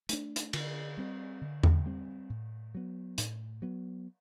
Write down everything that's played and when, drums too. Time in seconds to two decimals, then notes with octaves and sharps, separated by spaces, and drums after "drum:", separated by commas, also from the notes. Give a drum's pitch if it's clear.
0.09 A3 D4, drum: hi-hat
0.36 drum: hi-hat
0.53 D3, drum: cymbal
0.98 G3 C4
1.41 D3
1.63 drum: tom E2
1.86 G3 C4
2.30 A2
2.75 F#3 B3
3.18 A2, drum: hi-hat
3.62 F#3 B3